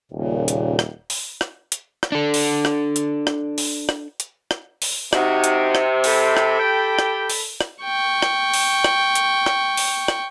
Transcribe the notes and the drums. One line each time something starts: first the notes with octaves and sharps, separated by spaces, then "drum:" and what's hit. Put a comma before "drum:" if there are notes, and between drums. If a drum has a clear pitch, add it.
D#1 A#2 C#3
drum: hi-hat
drum: rim click
drum: open hi-hat
drum: rim click
drum: hi-hat
drum: rim click
D4 A4
drum: open hi-hat
drum: rim click
drum: hi-hat
drum: rim click
drum: open hi-hat
drum: rim click
drum: hi-hat
drum: rim click
drum: open hi-hat
C3 D#4 F#4, drum: rim click
drum: hi-hat
drum: rim click
A4 B5, drum: open hi-hat
drum: rim click
G4 G5
drum: rim click
drum: open hi-hat
drum: rim click
G5 C#6
drum: rim click
drum: open hi-hat
drum: rim click
drum: hi-hat
drum: rim click
drum: open hi-hat
drum: rim click